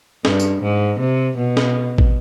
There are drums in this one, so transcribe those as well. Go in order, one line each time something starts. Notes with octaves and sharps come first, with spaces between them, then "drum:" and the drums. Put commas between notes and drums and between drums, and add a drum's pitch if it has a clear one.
G2, drum: snare
drum: tambourine
G#2
C3
B2
drum: snare
drum: kick